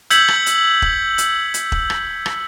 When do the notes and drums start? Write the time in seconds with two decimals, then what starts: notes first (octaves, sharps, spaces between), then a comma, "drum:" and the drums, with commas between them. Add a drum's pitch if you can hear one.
0.10 E6 G6 G#6 B6 C#7 F#7, drum: hi-hat
0.28 drum: rim click
0.46 drum: hi-hat
0.82 drum: kick
1.18 drum: hi-hat
1.54 drum: hi-hat
1.72 drum: kick
1.90 drum: rim click
2.26 drum: rim click